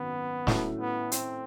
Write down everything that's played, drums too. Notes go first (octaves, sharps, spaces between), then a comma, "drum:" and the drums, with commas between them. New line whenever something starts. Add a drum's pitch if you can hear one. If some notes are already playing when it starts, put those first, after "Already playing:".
Already playing: G#1 F#2 B3
A2 F#3 A3 C#4, drum: snare
B3
C4, drum: hi-hat